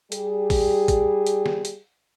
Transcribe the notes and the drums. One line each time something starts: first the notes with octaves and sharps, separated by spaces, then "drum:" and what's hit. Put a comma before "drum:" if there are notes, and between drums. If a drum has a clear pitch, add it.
G3 G4 G#4, drum: hi-hat
drum: kick, open hi-hat
drum: kick, hi-hat
drum: hi-hat
drum: snare
drum: hi-hat